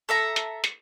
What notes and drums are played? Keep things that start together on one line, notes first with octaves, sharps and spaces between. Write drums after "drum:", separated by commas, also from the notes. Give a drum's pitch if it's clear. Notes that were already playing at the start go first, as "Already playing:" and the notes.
A4 E5 A#5
drum: hi-hat
drum: hi-hat